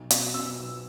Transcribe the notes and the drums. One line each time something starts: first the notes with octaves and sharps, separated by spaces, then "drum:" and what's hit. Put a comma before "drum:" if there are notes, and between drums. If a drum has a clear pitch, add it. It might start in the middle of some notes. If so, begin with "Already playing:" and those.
Already playing: B1
B2, drum: hi-hat
B2 E6
B1